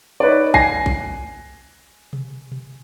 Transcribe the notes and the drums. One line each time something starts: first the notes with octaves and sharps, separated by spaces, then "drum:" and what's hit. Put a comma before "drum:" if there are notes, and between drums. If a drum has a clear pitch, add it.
D#4 B4 C#5 D5
G#5 A#6 C7, drum: kick A#1
drum: kick A#1
drum: tom B2
drum: tom B2